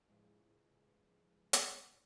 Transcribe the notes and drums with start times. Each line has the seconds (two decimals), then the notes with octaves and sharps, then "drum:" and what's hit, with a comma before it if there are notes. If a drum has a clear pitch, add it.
0.08 A2 C#3 E3 F3 G#3
1.53 drum: hi-hat